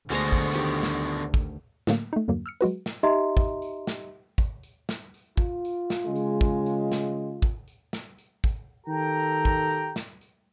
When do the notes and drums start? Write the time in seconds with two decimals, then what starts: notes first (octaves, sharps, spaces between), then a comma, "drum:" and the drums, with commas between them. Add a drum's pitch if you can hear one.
0.10 D2 D3 G#3 B3 F#4 C5 A#5
0.32 drum: kick
0.53 D#3 G4
0.83 drum: snare
1.08 drum: tambourine
1.34 drum: kick, tambourine
1.87 A2 D3 F#3 A3 A#3, drum: snare
2.13 A3 D#4
2.28 E2 G2 D3 F#3 A#3
2.46 E6 F6 C#7
2.61 F#3 G#3 F#4 B4, drum: tambourine
2.86 drum: snare
3.03 D#4 G4 D#5 E5 A#5 C6
3.37 drum: kick, tambourine
3.62 drum: tambourine
3.87 drum: snare
4.38 drum: kick, tambourine
4.63 drum: tambourine
4.89 drum: snare
5.14 drum: tambourine
5.37 F4, drum: kick, tambourine
5.65 drum: tambourine
5.90 drum: snare
6.06 C#3 G#3
6.16 drum: tambourine
6.41 drum: kick, tambourine
6.66 drum: tambourine
6.92 drum: snare
7.42 drum: kick, tambourine
7.68 drum: tambourine
7.93 drum: snare
8.18 drum: tambourine
8.44 drum: kick, tambourine
8.87 D#3 G4 A4 G5 A#5
9.20 drum: tambourine
9.45 drum: kick, tambourine
9.71 drum: tambourine
9.96 drum: snare
10.21 drum: tambourine